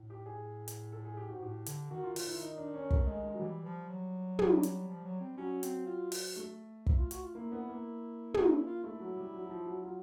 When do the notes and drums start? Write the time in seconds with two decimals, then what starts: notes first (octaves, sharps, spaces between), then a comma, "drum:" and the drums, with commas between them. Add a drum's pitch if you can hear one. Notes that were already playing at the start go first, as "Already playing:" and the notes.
Already playing: A2
0.10 G4
0.26 G#4
0.68 drum: hi-hat
0.92 A4
1.05 G#4
1.17 G4
1.29 G#2 F#4
1.41 A2 G4
1.66 D3, drum: hi-hat
1.91 D#3 F#4
2.03 F4
2.16 D#3 F4, drum: open hi-hat
2.28 E4
2.41 D#4
2.57 D4
2.74 C#4
2.90 A3, drum: kick
3.06 G#3
3.23 G#3
3.34 F#3
3.40 E3 G3
3.65 F3
3.89 F#3
4.39 G3, drum: tom
4.63 drum: hi-hat
4.88 F3
5.04 F#3
5.20 C4
5.37 F#3 C#4
5.63 C4, drum: hi-hat
5.87 F4
6.12 drum: open hi-hat
6.36 A3
6.86 E4, drum: kick
6.98 F4
7.11 F#4, drum: hi-hat
7.22 F4
7.35 A#3 E4
7.52 B3
7.68 A#3
8.34 D#4, drum: tom
8.51 E4
8.67 F4
8.83 A3 E4
9.00 F#3
9.16 G3
9.33 F#3
9.44 F#3
9.50 F3
9.66 F#3
9.83 F#3 F4